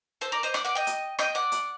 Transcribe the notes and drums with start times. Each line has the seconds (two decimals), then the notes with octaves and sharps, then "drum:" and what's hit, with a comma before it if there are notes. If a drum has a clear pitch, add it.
0.21 A4 C5
0.32 A#4 D5
0.43 C5 D#5
0.54 D5 F#5, drum: rim click
0.64 D5 F#5
0.75 D#5 G5
0.87 drum: hi-hat
1.19 D#5 G5, drum: rim click
1.35 D5 F#5
1.52 drum: hi-hat